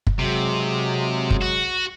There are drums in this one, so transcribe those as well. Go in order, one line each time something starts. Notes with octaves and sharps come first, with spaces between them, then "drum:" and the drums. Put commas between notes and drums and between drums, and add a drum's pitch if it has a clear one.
drum: kick
C3 F#3 G#3
drum: kick
F#4